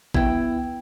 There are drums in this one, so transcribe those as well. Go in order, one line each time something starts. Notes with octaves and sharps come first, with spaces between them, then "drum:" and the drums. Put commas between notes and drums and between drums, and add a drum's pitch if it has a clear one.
B3 E4 G5, drum: kick